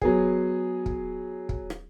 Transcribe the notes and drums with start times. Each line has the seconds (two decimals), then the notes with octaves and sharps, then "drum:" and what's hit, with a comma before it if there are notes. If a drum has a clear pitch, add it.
0.01 F#3 B3 G#4, drum: kick
0.86 drum: kick
1.49 drum: kick
1.70 drum: rim click